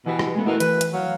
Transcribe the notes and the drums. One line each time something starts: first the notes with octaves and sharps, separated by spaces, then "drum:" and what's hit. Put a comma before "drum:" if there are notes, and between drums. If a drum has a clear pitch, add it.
B2 E3 G4 B4
drum: rim click
G#3 A3 B3
B2 E4 A#4 B4
E3 B4, drum: hi-hat
drum: hi-hat
F#3 F5